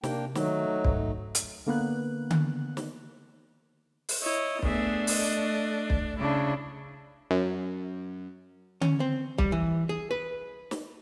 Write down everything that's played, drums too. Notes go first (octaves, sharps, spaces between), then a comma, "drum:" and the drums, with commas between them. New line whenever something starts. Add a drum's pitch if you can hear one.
C3 A#3 D4 G5, drum: snare
D#3 F#3 A3 D#4, drum: snare
G#2, drum: kick
drum: hi-hat
D3 A#3 B3 F#6
drum: tom D3
drum: snare
drum: open hi-hat
E4 C#5 D#5
A3 B3 D4 G#4 E5, drum: kick
D#5, drum: open hi-hat
drum: kick
C#3 D4 E4
F#2
C#4, drum: tom D3
C4
G3, drum: kick
E3
G#4
B4
drum: snare